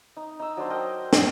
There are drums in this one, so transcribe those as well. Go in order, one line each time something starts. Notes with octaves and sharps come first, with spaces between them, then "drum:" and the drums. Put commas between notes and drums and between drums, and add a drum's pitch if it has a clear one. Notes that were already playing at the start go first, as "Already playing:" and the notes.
D#4
D#4 E6
F#3 D4 C5
A#4 D#5 G5
F#3, drum: snare